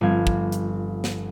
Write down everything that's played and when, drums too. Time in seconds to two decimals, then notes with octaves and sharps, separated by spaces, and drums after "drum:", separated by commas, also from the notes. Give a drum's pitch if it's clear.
0.01 G1 F3 C4 F5 G#6
0.27 drum: kick
0.52 drum: hi-hat
1.04 drum: snare